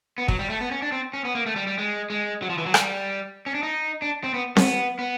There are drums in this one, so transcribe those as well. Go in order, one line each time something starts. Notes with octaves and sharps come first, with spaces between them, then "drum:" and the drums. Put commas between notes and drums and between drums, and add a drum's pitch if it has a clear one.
B3
F#3, drum: kick
G3
A3
B3
C#4
D4
C4
C#4
B3
A#3
A3
G3
G3
G#3
G#3
F#3
F3
E3
F#3
G3, drum: rim click
C#4
D4
D#4
D4
C4
B3
B3, drum: snare C4
B3